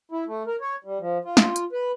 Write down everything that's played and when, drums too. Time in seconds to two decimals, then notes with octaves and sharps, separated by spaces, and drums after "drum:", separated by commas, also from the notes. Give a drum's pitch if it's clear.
0.12 E4
0.27 A3
0.47 A#4
0.61 C#5
0.84 G3
1.00 F3
1.25 F4
1.37 drum: snare
1.56 drum: hi-hat
1.73 B4